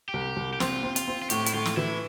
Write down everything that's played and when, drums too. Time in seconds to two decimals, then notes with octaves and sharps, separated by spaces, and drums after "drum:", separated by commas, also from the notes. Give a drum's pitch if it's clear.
0.09 C2 G4
0.36 C2
0.53 G4
0.60 C4 F4, drum: snare
0.83 C4
0.96 F4, drum: hi-hat
1.08 C4
1.22 F4
1.30 A2 G4, drum: hi-hat
1.46 E4, drum: hi-hat
1.54 A2 F4
1.65 drum: snare
1.77 E3 E4